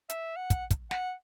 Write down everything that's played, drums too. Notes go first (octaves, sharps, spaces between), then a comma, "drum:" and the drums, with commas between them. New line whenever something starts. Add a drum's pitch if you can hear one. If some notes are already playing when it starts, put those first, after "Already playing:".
E5, drum: hi-hat
F#5
drum: kick, hi-hat
drum: kick, hi-hat
F#5, drum: snare